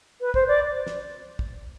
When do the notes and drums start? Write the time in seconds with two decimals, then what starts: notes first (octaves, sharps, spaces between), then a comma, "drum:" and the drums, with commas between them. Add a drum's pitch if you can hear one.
0.21 B4
0.34 C5, drum: kick
0.47 D5
0.87 drum: snare
1.39 drum: kick